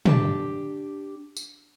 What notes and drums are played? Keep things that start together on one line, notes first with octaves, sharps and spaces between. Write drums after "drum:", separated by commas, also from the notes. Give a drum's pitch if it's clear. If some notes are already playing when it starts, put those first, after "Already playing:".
D4 G4 A5, drum: tom
drum: tambourine